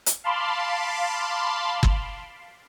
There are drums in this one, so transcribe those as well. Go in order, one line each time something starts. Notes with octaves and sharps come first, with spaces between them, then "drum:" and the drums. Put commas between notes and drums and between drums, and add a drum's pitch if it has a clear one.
drum: hi-hat
F5 A5 B5 C6 D6
drum: kick G1